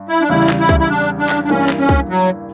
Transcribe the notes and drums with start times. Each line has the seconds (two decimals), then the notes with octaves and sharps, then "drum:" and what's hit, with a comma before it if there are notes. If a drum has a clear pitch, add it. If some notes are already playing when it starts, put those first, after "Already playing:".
Already playing: G2
0.09 E4
0.21 D4
0.29 E2 C#3 G3 E4
0.49 drum: clap
0.59 E4
0.69 drum: kick C2
0.80 E4
0.89 D4
1.19 D4
1.29 drum: clap
1.45 D4
1.49 G2 E3 A#3 C#4 E4
1.69 drum: clap
1.79 C#4
1.89 drum: kick C2
2.09 F#3